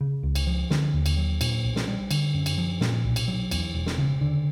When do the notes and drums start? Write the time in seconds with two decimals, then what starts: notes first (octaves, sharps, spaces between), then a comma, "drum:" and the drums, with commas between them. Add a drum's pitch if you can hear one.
0.01 C#3
0.23 C#2
0.35 drum: cymbal
0.47 F3
0.70 D3, drum: snare
0.94 D#2
1.06 drum: cymbal
1.17 F#3
1.41 A#2, drum: cymbal
1.64 B1
1.76 drum: snare
1.88 G3
2.11 D3, drum: cymbal
2.34 F#2
2.46 drum: cymbal
2.58 F3
2.81 A#2, drum: snare
3.04 B1
3.16 drum: cymbal
3.28 F#3
3.51 E2, drum: cymbal
3.75 E1
3.86 drum: snare
3.98 C#3
4.21 D3